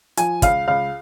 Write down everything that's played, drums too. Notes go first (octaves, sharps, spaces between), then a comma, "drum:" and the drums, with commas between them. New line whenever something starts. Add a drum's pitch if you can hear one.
F3 G#5, drum: hi-hat
C#2 F5, drum: kick, hi-hat
C#2 F5